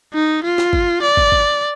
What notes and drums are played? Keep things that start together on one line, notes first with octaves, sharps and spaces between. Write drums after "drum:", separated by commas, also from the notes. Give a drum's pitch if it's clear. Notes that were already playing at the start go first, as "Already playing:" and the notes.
D#4
F4
drum: snare
drum: kick
D5
drum: kick
drum: kick